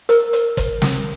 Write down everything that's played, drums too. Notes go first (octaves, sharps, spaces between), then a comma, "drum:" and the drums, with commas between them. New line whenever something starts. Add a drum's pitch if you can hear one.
A#4, drum: hi-hat
drum: hi-hat
drum: kick, hi-hat
drum: snare